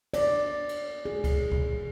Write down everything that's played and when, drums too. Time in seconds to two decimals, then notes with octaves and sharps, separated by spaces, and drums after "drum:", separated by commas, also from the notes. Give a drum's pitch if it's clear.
0.14 D5, drum: cymbal
0.69 drum: cymbal
1.05 G#4
1.24 drum: kick C2, cymbal
1.52 drum: kick C2